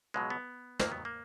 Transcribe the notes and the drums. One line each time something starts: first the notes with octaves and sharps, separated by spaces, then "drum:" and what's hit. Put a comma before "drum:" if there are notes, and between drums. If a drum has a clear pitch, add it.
C#2 B2 F#3 G#3
B3
D#2 D#3 F#3 A#3, drum: snare
B3
A#3